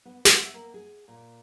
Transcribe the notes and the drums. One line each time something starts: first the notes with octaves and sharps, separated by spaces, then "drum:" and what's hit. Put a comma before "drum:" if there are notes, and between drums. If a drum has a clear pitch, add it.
B3
F#5, drum: snare
E5
A#3
G#4
A#2